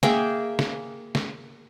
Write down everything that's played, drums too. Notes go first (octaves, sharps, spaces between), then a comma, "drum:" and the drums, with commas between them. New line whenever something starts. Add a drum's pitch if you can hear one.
A#3 G#4 E5 G5, drum: snare
drum: snare
drum: snare